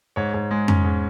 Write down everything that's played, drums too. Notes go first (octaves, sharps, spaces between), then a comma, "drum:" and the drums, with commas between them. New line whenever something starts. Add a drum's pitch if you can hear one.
G#2 C#5
G#2
G#3
C#4, drum: tom F2
G#2